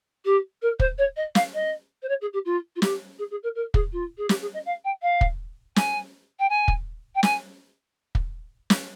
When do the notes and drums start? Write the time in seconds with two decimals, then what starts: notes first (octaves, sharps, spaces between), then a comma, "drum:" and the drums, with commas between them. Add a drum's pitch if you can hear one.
0.25 G4
0.62 A#4
0.80 C5, drum: kick
0.98 C#5
1.16 D#5
1.35 F5, drum: snare
1.54 D#5
2.02 C5
2.09 C#5
2.21 G#4
2.33 G4
2.45 F4
2.76 F4
2.82 G4, drum: snare
3.19 G#4
3.31 G#4
3.43 A#4
3.55 A#4
3.74 G#4, drum: kick
3.93 F4
4.18 G#4
4.29 G4, drum: snare
4.42 G#4
4.54 D#5
4.66 F5
4.84 G5
5.02 F5
5.21 drum: kick
5.76 G#5, drum: snare
6.39 G5
6.49 G#5
6.68 drum: kick
7.15 G5
7.23 G#5, drum: snare
8.15 drum: kick
8.70 drum: snare